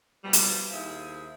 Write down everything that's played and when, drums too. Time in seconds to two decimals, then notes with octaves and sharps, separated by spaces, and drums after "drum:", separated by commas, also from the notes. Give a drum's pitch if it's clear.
0.24 B2 F3 G3
0.33 drum: hi-hat
0.71 D#2 E4 G#4 C5 F5